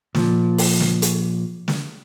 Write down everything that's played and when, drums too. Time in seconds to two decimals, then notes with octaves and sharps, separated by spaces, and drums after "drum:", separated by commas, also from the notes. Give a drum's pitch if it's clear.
0.15 A#2 F3, drum: snare
0.58 drum: open hi-hat
0.80 drum: snare
1.02 drum: hi-hat
1.68 drum: snare